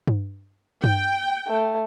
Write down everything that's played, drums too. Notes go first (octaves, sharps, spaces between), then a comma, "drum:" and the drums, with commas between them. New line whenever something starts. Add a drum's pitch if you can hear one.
drum: tom G2
G5, drum: tom G2
A3